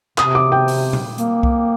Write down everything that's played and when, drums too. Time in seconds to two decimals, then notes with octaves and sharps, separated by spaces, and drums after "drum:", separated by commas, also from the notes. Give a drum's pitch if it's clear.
0.18 C3 D#6, drum: clap
0.35 D6
0.52 G5
0.68 drum: open hi-hat
0.93 drum: tom A#2
1.18 A#3, drum: hi-hat
1.43 drum: kick C2